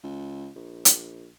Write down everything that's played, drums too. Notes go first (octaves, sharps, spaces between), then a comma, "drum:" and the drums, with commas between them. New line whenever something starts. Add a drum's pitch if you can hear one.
C#2
A#1
drum: hi-hat